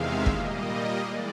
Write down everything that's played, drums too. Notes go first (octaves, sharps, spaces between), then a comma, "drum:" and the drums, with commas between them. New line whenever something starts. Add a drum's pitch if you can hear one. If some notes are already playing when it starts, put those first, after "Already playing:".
Already playing: E2 C3 D#3 G#3 E5 F5
A#2 G3 A#3 D#5, drum: kick
E3 G#3 D5